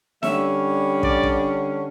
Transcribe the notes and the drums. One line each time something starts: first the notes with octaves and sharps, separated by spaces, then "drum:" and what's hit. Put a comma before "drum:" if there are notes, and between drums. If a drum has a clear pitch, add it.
D3 G3 C#4 E5, drum: snare D#4
D5, drum: kick
drum: kick